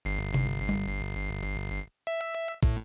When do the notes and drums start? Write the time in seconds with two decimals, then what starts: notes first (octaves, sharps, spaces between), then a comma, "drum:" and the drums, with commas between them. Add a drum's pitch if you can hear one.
0.05 G1 C7
0.34 drum: tom C3
0.69 drum: tom G3
2.07 E5
2.63 A2, drum: kick